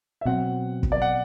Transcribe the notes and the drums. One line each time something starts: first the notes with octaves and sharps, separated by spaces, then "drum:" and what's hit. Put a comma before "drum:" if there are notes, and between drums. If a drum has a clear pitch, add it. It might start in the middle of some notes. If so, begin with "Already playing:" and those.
E5
B2 F#3 C4 F#5
drum: kick
D5
F#5